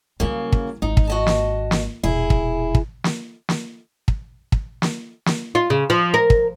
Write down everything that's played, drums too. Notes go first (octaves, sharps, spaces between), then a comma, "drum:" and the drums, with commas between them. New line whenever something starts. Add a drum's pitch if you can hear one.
C#3 F#3 G3 A#3 E4
drum: kick
G#1 G#2 D#4
drum: kick
F#4 D#5 A5
drum: snare
drum: snare
E1 A#1 E4 G#4
drum: kick
drum: kick
drum: snare
drum: snare
drum: kick
drum: kick
drum: snare
drum: snare
F4
C#3
F3
A#4
drum: kick